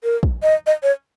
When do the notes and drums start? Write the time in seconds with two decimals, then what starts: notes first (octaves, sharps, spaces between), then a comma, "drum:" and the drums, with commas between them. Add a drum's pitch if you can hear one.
0.03 A#4
0.23 drum: kick
0.43 D#5
0.67 D#5
0.83 C#5